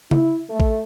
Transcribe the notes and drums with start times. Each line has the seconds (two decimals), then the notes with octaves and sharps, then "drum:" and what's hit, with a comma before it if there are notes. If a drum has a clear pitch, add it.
0.11 E4, drum: tom C#3
0.50 A3
0.60 drum: kick A1